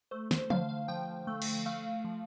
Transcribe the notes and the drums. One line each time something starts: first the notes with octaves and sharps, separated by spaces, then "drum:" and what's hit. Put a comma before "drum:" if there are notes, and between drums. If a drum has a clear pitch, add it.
A3 C5
C5, drum: snare
D3 F5, drum: tom E3
F5
F3 G5
A3
drum: cymbal
A3 F5
F3